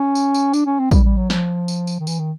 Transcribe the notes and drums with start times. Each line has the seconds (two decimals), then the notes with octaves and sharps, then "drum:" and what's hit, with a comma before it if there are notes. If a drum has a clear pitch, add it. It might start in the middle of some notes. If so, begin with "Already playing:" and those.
Already playing: C#4
0.15 drum: tambourine
0.34 drum: tambourine
0.54 D4, drum: tambourine
0.66 C#4
0.79 C4
0.91 G3, drum: kick, tambourine
1.04 G3
1.17 F#3
1.30 F3, drum: snare
1.68 drum: tambourine
1.87 drum: tambourine
2.00 D#3
2.07 E3, drum: tambourine
2.19 D#3